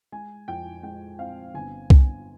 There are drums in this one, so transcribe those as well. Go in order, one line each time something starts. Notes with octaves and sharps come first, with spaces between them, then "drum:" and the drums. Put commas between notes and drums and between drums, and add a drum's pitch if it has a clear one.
G#3 G#5
F2 G5
G#3 G5
C4 F5
G1 G#5
G1, drum: kick C2